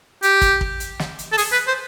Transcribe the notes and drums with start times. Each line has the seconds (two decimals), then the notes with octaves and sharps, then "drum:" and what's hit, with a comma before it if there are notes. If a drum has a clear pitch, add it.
0.23 G4, drum: hi-hat
0.42 drum: kick, hi-hat
0.61 drum: kick
0.80 drum: hi-hat
0.99 drum: snare
1.19 drum: hi-hat
1.32 A4
1.38 G#4, drum: open hi-hat
1.52 B4
1.67 C5